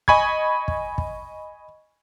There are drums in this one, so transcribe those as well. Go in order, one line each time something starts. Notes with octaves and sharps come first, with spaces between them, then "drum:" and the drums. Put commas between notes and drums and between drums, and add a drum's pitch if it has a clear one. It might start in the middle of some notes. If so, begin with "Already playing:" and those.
D#5 G#5 B5 C#6 G#6, drum: kick
drum: kick
drum: kick